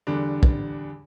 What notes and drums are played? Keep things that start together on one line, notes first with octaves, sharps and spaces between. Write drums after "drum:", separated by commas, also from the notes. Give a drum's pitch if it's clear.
E2 D3 G3 D4
drum: kick